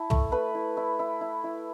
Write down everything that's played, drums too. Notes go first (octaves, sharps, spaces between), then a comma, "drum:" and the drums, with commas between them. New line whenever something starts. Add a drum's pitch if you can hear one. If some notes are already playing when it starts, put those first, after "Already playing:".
Already playing: E4 A5
A3, drum: tom
A3 B4 B5
E4
E4
E4
E4
E4